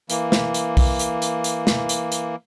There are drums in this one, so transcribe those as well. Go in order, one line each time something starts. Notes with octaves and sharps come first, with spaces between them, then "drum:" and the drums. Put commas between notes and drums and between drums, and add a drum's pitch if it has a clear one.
E3 A#3, drum: hi-hat
drum: snare
drum: hi-hat
drum: kick B1, open hi-hat
drum: hi-hat
drum: hi-hat
drum: hi-hat
drum: snare
drum: hi-hat
drum: hi-hat